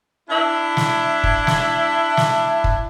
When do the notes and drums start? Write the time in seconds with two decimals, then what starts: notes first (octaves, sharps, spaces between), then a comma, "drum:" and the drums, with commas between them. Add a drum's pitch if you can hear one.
0.30 D4 E4
0.77 drum: snare
1.24 drum: kick
1.47 drum: snare
2.17 drum: snare
2.64 drum: kick